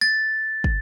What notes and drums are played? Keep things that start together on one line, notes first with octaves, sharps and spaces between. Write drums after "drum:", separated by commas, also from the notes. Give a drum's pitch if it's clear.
A6
drum: kick